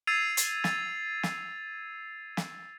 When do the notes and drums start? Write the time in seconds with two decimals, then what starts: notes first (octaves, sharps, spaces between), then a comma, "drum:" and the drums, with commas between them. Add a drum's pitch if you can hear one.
0.07 E6 G#6 A6 C7 D#7 F7
0.37 drum: hi-hat
0.64 A6, drum: snare
1.23 drum: snare
2.37 drum: snare